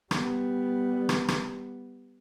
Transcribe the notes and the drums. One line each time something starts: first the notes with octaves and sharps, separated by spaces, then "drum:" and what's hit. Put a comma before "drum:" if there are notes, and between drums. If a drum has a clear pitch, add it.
G3 B3, drum: rim click
drum: rim click
drum: rim click